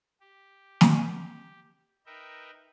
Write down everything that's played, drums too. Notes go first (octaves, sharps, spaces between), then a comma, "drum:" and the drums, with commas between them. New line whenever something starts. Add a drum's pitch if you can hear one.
G4
drum: snare
D#4 A#4 B4 E5 G5